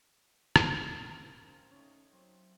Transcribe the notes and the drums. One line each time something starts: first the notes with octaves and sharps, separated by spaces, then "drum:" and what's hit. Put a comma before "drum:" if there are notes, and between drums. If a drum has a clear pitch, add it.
drum: rim click
C#4 A#4 F5
G#3 A#3 C4 A#5
A3 C#4 D#4 C#5
F#3 C4